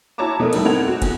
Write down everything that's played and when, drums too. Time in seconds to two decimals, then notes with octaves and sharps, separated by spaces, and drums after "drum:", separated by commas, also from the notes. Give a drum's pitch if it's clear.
0.18 E4 F#4 C#5 A5 A#5 D6
0.39 B2 A3 A4 A#4
0.53 D#3 F#3 G3 E4, drum: cymbal
0.65 A3 C4 A#4 F#5 G#6 F7
0.88 F#4
1.02 E2, drum: kick, cymbal